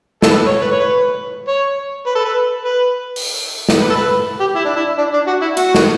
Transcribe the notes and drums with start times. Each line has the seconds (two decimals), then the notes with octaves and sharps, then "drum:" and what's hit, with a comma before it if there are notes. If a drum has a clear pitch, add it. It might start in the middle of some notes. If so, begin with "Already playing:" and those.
0.22 A4, drum: snare
0.31 B4
0.47 C#5
0.61 B4
0.71 C#5
0.79 B4
1.48 C#5
2.07 B4
2.15 A4
2.25 B4
2.65 B4
3.16 drum: open hi-hat
3.69 drum: snare
3.81 B4
3.90 A4
3.96 B4
4.40 G4
4.55 E4
4.65 D4
4.76 E4
4.98 D4
5.14 D4
5.27 F#4
5.42 E4
5.57 F#4, drum: hi-hat
5.75 drum: snare